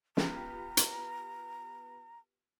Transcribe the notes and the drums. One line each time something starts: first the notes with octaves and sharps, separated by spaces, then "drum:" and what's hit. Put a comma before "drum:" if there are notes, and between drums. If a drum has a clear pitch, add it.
B3 F4 G4 A#5, drum: snare
drum: hi-hat